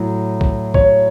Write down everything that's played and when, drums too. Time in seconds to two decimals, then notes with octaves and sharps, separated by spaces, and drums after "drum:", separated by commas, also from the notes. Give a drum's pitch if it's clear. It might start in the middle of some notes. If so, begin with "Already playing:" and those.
Already playing: A2 F#3
0.41 drum: kick A#1
0.74 C#5, drum: kick A#1